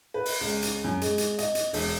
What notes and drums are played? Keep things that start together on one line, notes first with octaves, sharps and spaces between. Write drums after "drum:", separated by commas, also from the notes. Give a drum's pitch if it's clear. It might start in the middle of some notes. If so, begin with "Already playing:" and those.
B4
drum: open hi-hat
C#2
drum: hi-hat
F#2
G#3, drum: hi-hat
drum: hi-hat
D#5, drum: hi-hat
drum: hi-hat
E1, drum: open hi-hat